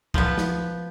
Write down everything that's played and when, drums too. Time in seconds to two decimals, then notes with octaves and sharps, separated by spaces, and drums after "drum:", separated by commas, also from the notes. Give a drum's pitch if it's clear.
0.14 F3 B3, drum: kick
0.38 drum: snare